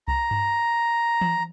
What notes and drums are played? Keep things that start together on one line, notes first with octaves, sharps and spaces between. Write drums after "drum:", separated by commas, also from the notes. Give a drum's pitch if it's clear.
A#5, drum: kick C2
drum: tom G2
drum: tom E3